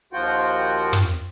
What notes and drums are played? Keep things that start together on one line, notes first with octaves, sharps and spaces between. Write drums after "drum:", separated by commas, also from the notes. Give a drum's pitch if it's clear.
D#2 F3 F4 F#4 F#5 G5
drum: tom